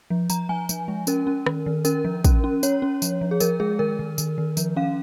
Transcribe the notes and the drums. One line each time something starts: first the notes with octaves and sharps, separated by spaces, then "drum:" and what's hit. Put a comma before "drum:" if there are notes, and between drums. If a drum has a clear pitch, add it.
F3
F3 A#5, drum: tambourine
F3 G#5
F3, drum: tambourine
G#3
C#4 A#4, drum: tambourine
C#4
D#3, drum: rim click
D#3
C#4 A#4, drum: tambourine
F3
C#4, drum: kick, tambourine
C#4
C#4 C#5, drum: tambourine
C#4
F3, drum: tambourine
F3
G#4
F3 A#4, drum: tambourine
G#3 G#4
D#3 A#4
D#3
D#3, drum: tambourine
D#3
F3, drum: tambourine
C#4 F5